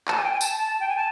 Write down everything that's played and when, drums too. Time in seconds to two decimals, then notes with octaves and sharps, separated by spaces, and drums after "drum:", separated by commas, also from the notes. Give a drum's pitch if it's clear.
0.08 A5, drum: clap
0.16 G#5
0.24 G5
0.32 G#5
0.41 A5, drum: tambourine
0.57 A5
0.80 G5
0.89 G#5
0.96 A5